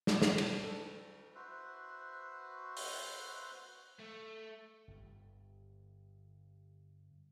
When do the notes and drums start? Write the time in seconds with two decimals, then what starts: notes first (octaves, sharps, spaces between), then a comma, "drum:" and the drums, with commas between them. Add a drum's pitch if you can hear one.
0.07 D6, drum: snare
0.22 E3, drum: snare
0.38 D4, drum: cymbal
0.64 A4
1.35 F#4 B4 C5 E5
2.77 drum: open hi-hat
3.99 A3
4.88 G1 G2